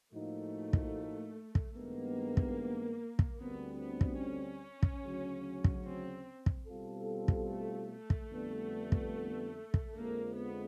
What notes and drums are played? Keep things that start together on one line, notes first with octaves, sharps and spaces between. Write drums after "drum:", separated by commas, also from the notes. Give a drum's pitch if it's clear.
A2 F3 A3 A#3 D#4 F#4
drum: kick
drum: kick
G2 D#3 G#3 A#3 B3
drum: kick
drum: kick
D2 D3 G3 B3 C4
B3
drum: kick
C#4
drum: kick
D2 C#3 F#3
drum: kick
C4
drum: kick
B2 G3 C4 F4 A4
drum: kick
A3
A3
drum: kick
F2 D3 G3 B3 D4
drum: kick
drum: kick
F2 D3 F3 G#3 A#3
B3